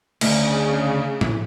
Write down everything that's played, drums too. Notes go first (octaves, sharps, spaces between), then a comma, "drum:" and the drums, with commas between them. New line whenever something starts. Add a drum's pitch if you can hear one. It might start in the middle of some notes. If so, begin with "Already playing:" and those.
D2 C#3, drum: cymbal
drum: tom